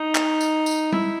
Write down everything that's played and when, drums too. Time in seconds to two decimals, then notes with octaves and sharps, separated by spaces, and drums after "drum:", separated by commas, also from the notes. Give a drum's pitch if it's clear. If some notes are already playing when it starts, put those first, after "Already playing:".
Already playing: D#4
0.15 drum: clap
0.41 drum: tambourine
0.66 drum: tambourine
0.92 E4, drum: tom